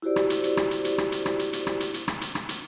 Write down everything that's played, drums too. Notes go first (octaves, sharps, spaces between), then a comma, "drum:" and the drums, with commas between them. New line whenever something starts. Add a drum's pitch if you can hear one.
E4 F#4 G4 C5 D5
drum: rim click
drum: hi-hat
drum: hi-hat
drum: rim click
drum: hi-hat
drum: hi-hat
drum: rim click
drum: hi-hat
drum: rim click
drum: hi-hat
drum: hi-hat
drum: rim click
drum: hi-hat
drum: hi-hat
drum: rim click
drum: hi-hat
drum: rim click
drum: hi-hat